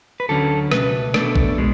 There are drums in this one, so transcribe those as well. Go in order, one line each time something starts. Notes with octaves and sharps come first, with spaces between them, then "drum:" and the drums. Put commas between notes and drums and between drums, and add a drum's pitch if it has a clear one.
B4
D2 D3 F#3 C#4 A4
C#2 B2 A3 B4, drum: rim click
B2 A3 D4, drum: rim click
drum: kick
B2 G#3